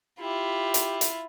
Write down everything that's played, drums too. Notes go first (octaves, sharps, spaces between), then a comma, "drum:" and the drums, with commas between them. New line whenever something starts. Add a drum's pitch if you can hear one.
E4 F4 G4
drum: hi-hat
drum: hi-hat